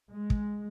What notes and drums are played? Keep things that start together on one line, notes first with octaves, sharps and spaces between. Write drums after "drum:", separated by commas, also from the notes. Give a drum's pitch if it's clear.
G#3
drum: kick